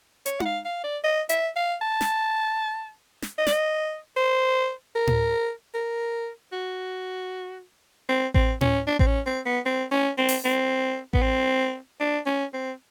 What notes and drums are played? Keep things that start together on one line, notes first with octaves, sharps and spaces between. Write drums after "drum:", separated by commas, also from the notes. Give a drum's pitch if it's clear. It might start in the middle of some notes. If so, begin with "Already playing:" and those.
C#5, drum: hi-hat
F#5, drum: tom D#4
F5
F5
D5
D#5
E5, drum: hi-hat
F5
A5
drum: snare
drum: snare
D#5
D5, drum: snare
D#5
C5
A#4
drum: tom A2
A#4
F#4
C4
C4, drum: kick A1
C#4, drum: tom A2
D4
C4, drum: kick A1
C#4
C4
B3
C4
C#4
C4
drum: open hi-hat
C4
B3, drum: kick A1
C4
D4
C#4
C4